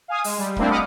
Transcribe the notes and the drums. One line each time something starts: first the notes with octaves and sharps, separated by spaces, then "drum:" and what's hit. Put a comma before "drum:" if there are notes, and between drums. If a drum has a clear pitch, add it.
F5 G#5 D#6
G#3, drum: open hi-hat
G3
G3 A3 A#3 C4 D4 E4, drum: kick
D#5 F#5 B5 D6 D#6 F6